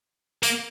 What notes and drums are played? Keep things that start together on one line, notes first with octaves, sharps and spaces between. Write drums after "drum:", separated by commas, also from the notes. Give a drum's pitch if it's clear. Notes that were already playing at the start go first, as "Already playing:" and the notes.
A#3, drum: hi-hat